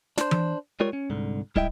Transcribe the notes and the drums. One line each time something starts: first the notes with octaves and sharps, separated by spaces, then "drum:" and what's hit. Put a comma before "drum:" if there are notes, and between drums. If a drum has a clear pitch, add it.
D4 C5, drum: snare
drum: tom E3
G3 G#3 F4 A#4 C#5
C#4
C2 G#2 D3
G#2 G3 E4 D#5 E5 G5, drum: kick